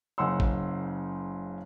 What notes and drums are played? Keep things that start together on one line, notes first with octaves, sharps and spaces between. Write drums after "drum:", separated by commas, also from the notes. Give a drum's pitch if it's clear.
F#1 C#3 F#5 C6 E6
drum: kick